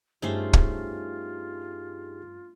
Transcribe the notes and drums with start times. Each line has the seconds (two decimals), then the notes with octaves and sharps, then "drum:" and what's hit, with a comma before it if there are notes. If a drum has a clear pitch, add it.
0.22 G2 A3 C#4 D#4 F4 G4 G#4 C5
0.53 drum: kick